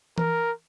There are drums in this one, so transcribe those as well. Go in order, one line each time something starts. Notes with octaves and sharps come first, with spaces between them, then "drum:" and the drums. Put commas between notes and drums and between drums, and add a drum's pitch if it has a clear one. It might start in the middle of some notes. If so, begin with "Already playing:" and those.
A#4, drum: tom E3